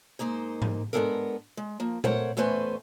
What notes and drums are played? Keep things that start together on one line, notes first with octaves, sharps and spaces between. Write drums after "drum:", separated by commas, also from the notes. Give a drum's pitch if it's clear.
G#2 A#3 D#4 C5
drum: tom G#2
G#3 B3 C4 D4 A4 A#4
G#3
F3 A#3
A3 A#4 C5 C#5 F#5, drum: tom A#2
E2 A3 C#4 B4 C5 G#5